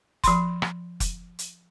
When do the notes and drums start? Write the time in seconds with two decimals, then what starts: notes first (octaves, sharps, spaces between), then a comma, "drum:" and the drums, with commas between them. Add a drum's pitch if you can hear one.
0.24 F3 B5 C6, drum: kick F1, hi-hat
0.62 drum: rim click
1.00 drum: kick F1, hi-hat
1.39 drum: hi-hat